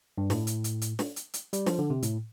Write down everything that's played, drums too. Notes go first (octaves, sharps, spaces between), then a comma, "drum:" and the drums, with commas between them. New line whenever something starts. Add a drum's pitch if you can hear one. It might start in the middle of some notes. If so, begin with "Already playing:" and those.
G2
A2, drum: snare
drum: hi-hat
drum: hi-hat
drum: hi-hat
drum: snare
drum: hi-hat
drum: hi-hat
G3, drum: hi-hat
F3, drum: snare
D3
C3
A2, drum: hi-hat